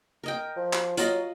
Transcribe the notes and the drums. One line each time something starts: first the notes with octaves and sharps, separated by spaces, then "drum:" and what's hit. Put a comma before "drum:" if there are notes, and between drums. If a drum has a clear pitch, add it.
A#4 D#5 G5
F3
drum: clap
F#3 F4 D#5, drum: hi-hat